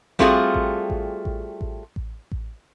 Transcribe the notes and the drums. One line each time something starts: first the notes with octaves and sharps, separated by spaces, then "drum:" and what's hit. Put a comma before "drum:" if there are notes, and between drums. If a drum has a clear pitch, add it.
G3 A3 C4 F4 F#4 G#4, drum: kick A1
drum: kick A1
drum: kick A1
drum: kick A1
drum: kick A1
drum: kick A1
drum: kick A1